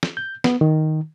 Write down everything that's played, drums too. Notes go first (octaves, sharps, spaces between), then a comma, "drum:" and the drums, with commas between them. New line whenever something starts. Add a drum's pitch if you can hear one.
drum: snare
G6
B3, drum: snare
D#3